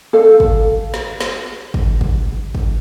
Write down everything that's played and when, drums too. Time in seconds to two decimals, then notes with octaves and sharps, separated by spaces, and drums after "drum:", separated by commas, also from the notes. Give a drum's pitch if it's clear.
0.13 A4 F5
0.40 drum: kick
0.94 drum: snare
1.21 drum: snare
1.74 drum: kick
2.01 drum: kick
2.55 drum: kick